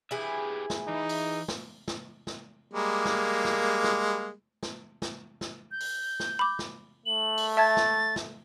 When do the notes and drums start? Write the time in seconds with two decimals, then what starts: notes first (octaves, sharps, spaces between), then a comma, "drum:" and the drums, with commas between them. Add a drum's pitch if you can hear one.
0.11 E4 G4 G#4 B4 E5
0.70 drum: snare
0.88 E3 D#4
1.09 drum: open hi-hat
1.48 drum: snare
1.88 drum: snare
2.27 drum: snare
2.73 G3 G#3 A#3
3.05 drum: snare
3.45 drum: snare
3.84 drum: snare
4.63 drum: snare
5.02 drum: snare
5.41 drum: snare
5.71 G6
5.80 drum: open hi-hat
6.20 drum: snare
6.39 B5 D6
6.59 drum: snare
7.06 A3 F#7
7.38 drum: open hi-hat
7.57 E5 A5 G#6 A6
7.77 drum: snare
8.16 drum: snare